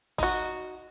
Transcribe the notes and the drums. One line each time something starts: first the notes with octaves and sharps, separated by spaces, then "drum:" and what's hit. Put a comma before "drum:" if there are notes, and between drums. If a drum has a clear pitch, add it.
D#4 F#4, drum: kick, open hi-hat